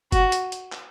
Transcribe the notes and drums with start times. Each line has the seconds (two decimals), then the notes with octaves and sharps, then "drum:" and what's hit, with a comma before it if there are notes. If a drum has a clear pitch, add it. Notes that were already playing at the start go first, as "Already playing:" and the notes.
0.12 F#4, drum: kick F#1, hi-hat
0.32 drum: hi-hat
0.52 drum: hi-hat
0.72 drum: clap